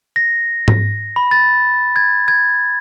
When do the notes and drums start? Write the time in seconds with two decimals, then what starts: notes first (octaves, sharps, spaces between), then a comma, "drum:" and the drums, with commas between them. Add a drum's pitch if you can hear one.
0.16 A#6
0.68 drum: tom G#2
1.16 B5
1.31 A6
1.96 G#6
2.28 G#6